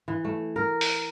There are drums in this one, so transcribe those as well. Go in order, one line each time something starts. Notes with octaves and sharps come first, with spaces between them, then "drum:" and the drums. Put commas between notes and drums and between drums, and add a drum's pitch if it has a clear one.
E3
A3
A#4
drum: open hi-hat